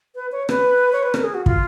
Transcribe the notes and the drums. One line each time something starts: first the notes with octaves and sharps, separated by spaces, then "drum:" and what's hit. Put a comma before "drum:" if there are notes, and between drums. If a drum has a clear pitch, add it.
B4
C#5
B4, drum: rim click
C#5
B4
A#4, drum: rim click
G#4
F#4
F4, drum: kick